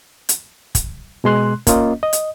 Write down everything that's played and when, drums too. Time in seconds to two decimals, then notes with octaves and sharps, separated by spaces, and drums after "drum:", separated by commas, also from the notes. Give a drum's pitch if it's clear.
0.29 drum: hi-hat
0.75 drum: kick, hi-hat
1.24 B2 G#3 C6 F#6
1.67 A#3 C#4 F4 D#5, drum: kick, hi-hat
2.03 D#5
2.13 drum: hi-hat